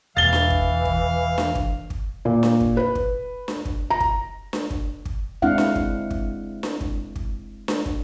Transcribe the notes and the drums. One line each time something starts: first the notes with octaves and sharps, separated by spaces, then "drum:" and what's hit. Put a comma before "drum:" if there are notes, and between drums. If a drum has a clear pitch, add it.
E1 E3 F5 A6 G7
drum: snare D4
drum: kick
drum: kick
drum: snare D4
drum: kick
drum: kick
A#2
drum: snare D4
drum: kick
B4
drum: kick
drum: snare D4
drum: kick
A#5
drum: kick
drum: snare D4
drum: kick
drum: kick
G#3 C4 D4 E4 F5 F#5
drum: snare D4
drum: kick
drum: kick
drum: snare D4
drum: kick
drum: kick
drum: snare D4
drum: kick